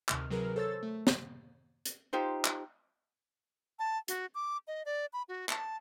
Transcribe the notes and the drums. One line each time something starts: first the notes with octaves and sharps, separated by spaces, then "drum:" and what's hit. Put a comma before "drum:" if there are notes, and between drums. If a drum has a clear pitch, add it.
D2 C3 D#3 F6, drum: clap
C3 F#3 G#4 A#4 B4 F6
A4 C5 C#5 E6 A6
A3
drum: snare
drum: hi-hat
D#4 F4 G4 C5
drum: clap
A5
F#4, drum: hi-hat
D6
D#5
D5
B5
F#4
A5, drum: clap